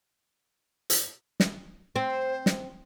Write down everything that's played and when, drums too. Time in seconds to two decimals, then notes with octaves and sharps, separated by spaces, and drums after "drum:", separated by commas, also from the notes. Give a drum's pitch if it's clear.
0.90 drum: hi-hat
1.40 drum: snare
1.96 C4 C5
2.46 drum: snare